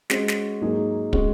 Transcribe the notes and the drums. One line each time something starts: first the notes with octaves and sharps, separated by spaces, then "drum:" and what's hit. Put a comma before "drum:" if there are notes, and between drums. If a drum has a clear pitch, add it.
G#3 C#4 F#4 C5, drum: snare
drum: snare
G#2 F#3 A#3 D#4 G#4
G#3 C#4 F#4, drum: kick